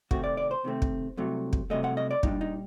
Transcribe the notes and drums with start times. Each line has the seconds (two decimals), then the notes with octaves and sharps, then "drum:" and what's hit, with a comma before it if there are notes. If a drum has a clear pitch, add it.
0.11 C3 D#3 A3 C4 F#4, drum: kick
0.24 D5
0.37 D5
0.51 C5
0.64 C3 D#3 A3 C4
0.82 drum: kick
1.17 C2 C3 F#3 A3
1.53 drum: kick
1.70 C2 C3 F#3 A3 D#5
1.84 F#5
1.97 D#5
2.11 D5
2.23 A#2 G3 D4 D#4, drum: kick
2.41 D#4